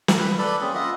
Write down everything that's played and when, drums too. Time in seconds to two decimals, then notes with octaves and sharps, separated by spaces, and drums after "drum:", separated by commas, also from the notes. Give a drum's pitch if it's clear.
0.08 drum: snare
0.18 B4 B5
0.38 A4 B4 D5 B5
0.61 A#3 C4 C#4 G#4
0.74 F4 D#5 E5 F#5